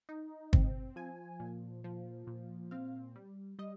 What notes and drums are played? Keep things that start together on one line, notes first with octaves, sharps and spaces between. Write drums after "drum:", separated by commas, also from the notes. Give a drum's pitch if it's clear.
D#4
C4, drum: kick
F3 G#5
A#2
F3
A#2
C4 F5
G3
G3 D#5